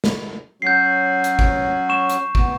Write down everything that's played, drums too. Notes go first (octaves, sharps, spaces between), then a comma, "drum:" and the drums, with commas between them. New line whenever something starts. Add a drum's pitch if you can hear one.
drum: snare
F#3 C#4 F#4 G6 C7
drum: hi-hat
drum: kick
C#6 E7
drum: hi-hat
B3, drum: kick